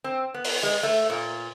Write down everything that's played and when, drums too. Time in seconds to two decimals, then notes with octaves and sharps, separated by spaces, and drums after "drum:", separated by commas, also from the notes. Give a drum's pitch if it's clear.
0.04 C4
0.34 B3
0.45 drum: open hi-hat
0.63 G#3
0.83 A3
1.10 A#2